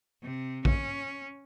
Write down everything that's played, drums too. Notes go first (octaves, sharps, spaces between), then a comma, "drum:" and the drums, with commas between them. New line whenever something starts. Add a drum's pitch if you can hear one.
C3
C#4, drum: kick A#1